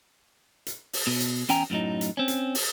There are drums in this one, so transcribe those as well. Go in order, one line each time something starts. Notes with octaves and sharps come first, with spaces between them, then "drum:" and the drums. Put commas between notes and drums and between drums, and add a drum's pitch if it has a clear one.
drum: hi-hat
drum: open hi-hat
B2
drum: hi-hat
E2 C#4 G5 G#5 A#5, drum: hi-hat
F#2 A2 F#3 D#4
drum: hi-hat
C4 C#4
drum: hi-hat
drum: open hi-hat